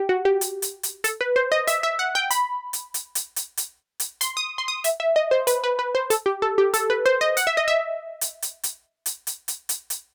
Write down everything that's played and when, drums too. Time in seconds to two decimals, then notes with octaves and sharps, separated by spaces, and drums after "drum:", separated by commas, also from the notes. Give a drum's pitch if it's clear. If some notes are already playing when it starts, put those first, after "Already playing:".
Already playing: G4
0.09 F#4
0.25 G4
0.41 drum: hi-hat
0.62 drum: hi-hat
0.83 drum: hi-hat
1.04 A4, drum: hi-hat
1.21 B4
1.36 C5
1.52 D#5
1.67 E5, drum: hi-hat
1.83 E5
1.99 F#5
2.15 G5
2.31 B5, drum: hi-hat
2.73 drum: hi-hat
2.94 drum: hi-hat
3.15 drum: hi-hat
3.36 drum: hi-hat
3.57 drum: hi-hat
4.00 drum: hi-hat
4.21 C6, drum: hi-hat
4.37 D#6
4.58 C6
4.68 D#6
4.84 E5, drum: hi-hat
5.00 E5
5.16 D#5
5.31 C5
5.47 B4, drum: hi-hat
5.64 B4
5.79 B4
5.95 C5
6.10 A4, drum: hi-hat
6.26 G4
6.42 A4
6.58 G4
6.74 A4, drum: hi-hat
6.90 B4
7.06 C5
7.21 D#5
7.37 F#5, drum: hi-hat
7.47 E5
7.57 D#5
7.68 E5
8.21 drum: hi-hat
8.42 drum: hi-hat
8.63 drum: hi-hat
9.06 drum: hi-hat
9.27 drum: hi-hat
9.48 drum: hi-hat
9.69 drum: hi-hat
9.90 drum: hi-hat